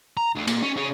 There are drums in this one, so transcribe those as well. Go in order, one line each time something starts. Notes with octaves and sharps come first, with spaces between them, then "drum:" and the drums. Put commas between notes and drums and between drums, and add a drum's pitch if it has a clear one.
A#5
D2
A#2, drum: cymbal
C#4
C#4 G#4